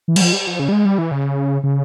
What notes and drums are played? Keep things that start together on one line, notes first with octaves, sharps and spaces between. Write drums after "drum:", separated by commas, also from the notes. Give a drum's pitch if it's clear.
E3
G3, drum: cymbal
F3
G3
F3
C#3
G3
G#3
G3
E3
C#3
C#3